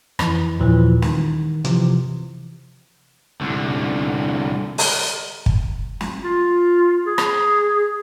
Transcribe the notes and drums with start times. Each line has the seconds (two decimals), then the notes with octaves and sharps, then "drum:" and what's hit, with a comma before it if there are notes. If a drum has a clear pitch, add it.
0.19 F2 E3, drum: rim click
0.60 D#2 A#2 E3 F3
1.02 D#3, drum: snare
1.65 C3 E3 F3, drum: hi-hat
3.41 C2 D3
4.78 drum: open hi-hat
5.46 drum: kick
6.01 drum: snare
6.23 F4
7.06 G#4
7.18 drum: rim click